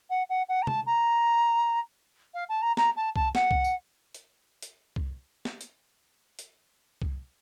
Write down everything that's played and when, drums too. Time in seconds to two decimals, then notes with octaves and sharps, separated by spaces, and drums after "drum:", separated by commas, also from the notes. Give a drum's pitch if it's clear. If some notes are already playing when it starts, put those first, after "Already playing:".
0.10 F#5
0.29 F#5
0.49 F#5
0.62 A#5
0.67 A5, drum: tom
0.86 A#5
2.34 F5
2.49 A5
2.62 A#5
2.77 A#5, drum: snare
2.97 A5
3.16 A5, drum: kick C2
3.35 F#5, drum: snare
3.51 drum: kick C2
3.64 drum: tambourine
4.15 drum: hi-hat
4.62 drum: hi-hat
4.96 drum: kick C2
5.45 drum: snare
5.61 drum: hi-hat
6.39 drum: hi-hat
7.02 drum: kick C2